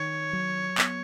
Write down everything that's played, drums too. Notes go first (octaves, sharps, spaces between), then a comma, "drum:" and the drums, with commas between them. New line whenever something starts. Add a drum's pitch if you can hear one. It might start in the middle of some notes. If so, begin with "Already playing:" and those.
Already playing: D#3 C#5
F#3
B3, drum: clap